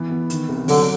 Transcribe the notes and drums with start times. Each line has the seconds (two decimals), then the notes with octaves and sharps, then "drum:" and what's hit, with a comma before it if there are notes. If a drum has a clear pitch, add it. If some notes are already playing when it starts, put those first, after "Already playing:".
Already playing: E3 B3
0.11 B3
0.30 D#3, drum: hi-hat
0.49 C2
0.68 D3 F#3, drum: open hi-hat